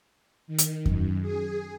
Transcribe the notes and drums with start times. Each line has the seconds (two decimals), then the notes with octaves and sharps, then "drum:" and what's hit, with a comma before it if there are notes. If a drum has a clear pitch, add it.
0.47 D#3
0.58 drum: hi-hat
0.86 F#2, drum: kick E2
1.22 G#4